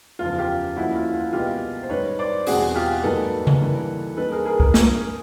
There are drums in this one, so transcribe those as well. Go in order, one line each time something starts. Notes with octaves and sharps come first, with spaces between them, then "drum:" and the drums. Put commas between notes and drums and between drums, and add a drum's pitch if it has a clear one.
F#1 E2 C#3 F3 F4
F4 G4
D#2 D3 F3 G#3 C#4 E4 F#4
F4
F4
C2 B2 G#3 B3 F4 G4
C5
G#2 D#3 G3 B4 C#5
C5 D5
E2 B2 G3 C4 F#4 G#4, drum: open hi-hat
F4 G4
G#2 D#3 F#3 A#3 A4 B4
drum: tom C#3
G2 E3 G3 A#3
D#2 D#3 G3 A4 B4
G#4 A#4
G#4 A#4
G#4 A#4, drum: kick
G#1 G2 D3, drum: snare